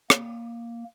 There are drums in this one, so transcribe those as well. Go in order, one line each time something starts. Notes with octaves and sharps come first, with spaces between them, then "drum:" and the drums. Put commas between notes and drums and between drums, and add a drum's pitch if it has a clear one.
A#3, drum: rim click